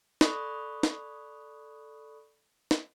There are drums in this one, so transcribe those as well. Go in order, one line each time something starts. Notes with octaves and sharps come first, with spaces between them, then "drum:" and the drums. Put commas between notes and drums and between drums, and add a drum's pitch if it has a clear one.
A4 D5 B5 C#6 D#6 F#6, drum: snare
drum: snare
drum: snare